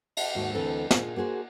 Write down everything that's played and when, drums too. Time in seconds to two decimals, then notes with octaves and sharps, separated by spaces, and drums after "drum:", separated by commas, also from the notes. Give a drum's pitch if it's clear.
0.17 drum: cymbal
0.35 D#2 G#2 F#4
0.55 D2 E3 C4 A4 A#4
0.91 A#2 F4 G#4, drum: snare
1.16 A#3 F#4 G#4 C5